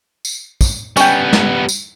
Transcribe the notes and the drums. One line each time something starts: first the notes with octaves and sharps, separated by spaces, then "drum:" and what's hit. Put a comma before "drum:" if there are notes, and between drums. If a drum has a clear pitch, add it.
drum: tambourine
drum: kick, tambourine
G3 B3 C#4 G5, drum: tambourine
drum: snare
drum: tambourine